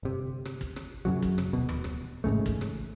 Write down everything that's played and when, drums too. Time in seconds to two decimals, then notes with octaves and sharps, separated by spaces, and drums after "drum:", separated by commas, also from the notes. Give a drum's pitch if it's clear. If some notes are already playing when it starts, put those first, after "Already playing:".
0.03 G1 C3
0.45 drum: rim click
0.61 drum: kick
0.76 drum: rim click
1.05 F#2 C#3 F#3
1.22 drum: kick
1.38 drum: rim click
1.53 D#1 B2
1.69 drum: tom D#2
1.84 drum: rim click
2.24 A1 G#2 C#3 A3
2.46 drum: kick
2.61 drum: rim click